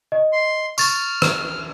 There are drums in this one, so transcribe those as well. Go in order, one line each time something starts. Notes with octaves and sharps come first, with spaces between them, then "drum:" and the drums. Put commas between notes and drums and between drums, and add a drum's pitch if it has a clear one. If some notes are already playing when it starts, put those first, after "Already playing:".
D#5
C6
C#6 F6 A6, drum: tambourine
drum: rim click